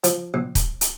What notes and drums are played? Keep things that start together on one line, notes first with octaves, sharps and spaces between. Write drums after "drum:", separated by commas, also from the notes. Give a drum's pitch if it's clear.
F3, drum: hi-hat
A#1
drum: kick, hi-hat
drum: hi-hat